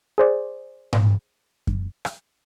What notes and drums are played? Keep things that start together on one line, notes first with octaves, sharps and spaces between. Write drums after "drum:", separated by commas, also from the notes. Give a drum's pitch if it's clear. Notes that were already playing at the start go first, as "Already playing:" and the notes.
G#4 C5 D5
drum: tom G#2
drum: kick F#2
drum: rim click